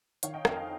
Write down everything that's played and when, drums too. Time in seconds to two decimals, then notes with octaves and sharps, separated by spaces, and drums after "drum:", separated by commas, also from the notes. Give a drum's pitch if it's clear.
0.23 D#3 C#5 F5, drum: hi-hat
0.34 D#5 G5
0.45 F2 F5 G#5, drum: rim click
0.56 D#5 G5